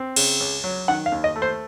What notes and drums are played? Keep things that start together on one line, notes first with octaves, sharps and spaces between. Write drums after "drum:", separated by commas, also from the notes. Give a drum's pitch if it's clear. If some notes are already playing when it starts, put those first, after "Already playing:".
Already playing: C4
C#3, drum: cymbal
C#2
F#3
D#3 F#5
F5
D#2
D#5
A3
C5